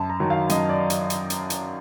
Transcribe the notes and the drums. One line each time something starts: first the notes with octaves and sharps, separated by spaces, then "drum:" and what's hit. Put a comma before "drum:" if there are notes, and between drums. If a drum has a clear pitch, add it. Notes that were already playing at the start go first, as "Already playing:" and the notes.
Already playing: F#2 A5
A#5
D#3 F#3
F5
F#2 D#5, drum: hi-hat
D5
drum: hi-hat
drum: hi-hat
drum: hi-hat
drum: hi-hat